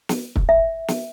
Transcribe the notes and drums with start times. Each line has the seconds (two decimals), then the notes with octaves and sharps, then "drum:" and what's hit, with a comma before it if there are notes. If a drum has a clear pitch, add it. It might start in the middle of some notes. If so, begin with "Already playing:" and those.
0.09 drum: snare
0.36 drum: kick
0.49 E5
0.88 drum: snare